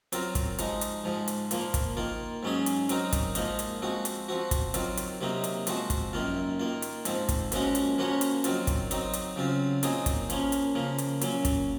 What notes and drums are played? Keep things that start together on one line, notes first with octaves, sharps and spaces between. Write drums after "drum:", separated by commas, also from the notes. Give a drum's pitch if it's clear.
F#3 C4 F4 A#4, drum: hi-hat
drum: kick, hi-hat
F3 G#3 D#4, drum: hi-hat
drum: hi-hat
G#2 F3 G#3
drum: hi-hat
A#2 F3 A#3, drum: hi-hat
drum: kick, hi-hat
D#3 A#3 F4
G#2 F#3 C#4 G#4
drum: hi-hat
F#3 C4 D#4 A#4, drum: hi-hat
drum: kick, hi-hat
G#2 F3 A#3 D#4, drum: hi-hat
drum: hi-hat
F3 G#3 C4 F#4
drum: hi-hat
F3 C4 F#4
drum: kick, hi-hat
D#3 F#3 C4 F4, drum: hi-hat
drum: hi-hat
C3 F#3 A#3 D#4
drum: hi-hat
F3 G#3 C4 F#4 C5, drum: hi-hat
drum: kick, hi-hat
F#2 D#3 A#3 F4
D#3 A#3 F4
drum: hi-hat
G#2 F3 C4, drum: hi-hat
drum: kick, hi-hat
A#2 F3 G#3 C#4 F#4, drum: hi-hat
drum: hi-hat
F3 A#3 C#4 F#4 C#5
drum: hi-hat
D#3 F#3 C4 F4, drum: hi-hat
drum: kick, hi-hat
F#3 C4 D#4, drum: hi-hat
drum: hi-hat
C#3 F#3 C4 F4
A#2 F#3 C4 D#4 G#4, drum: hi-hat
drum: kick, hi-hat
F3 A#3 C#4, drum: hi-hat
drum: hi-hat
C#3 F3 A#3
drum: hi-hat
A#2 F#3 C#4, drum: hi-hat
drum: kick, hi-hat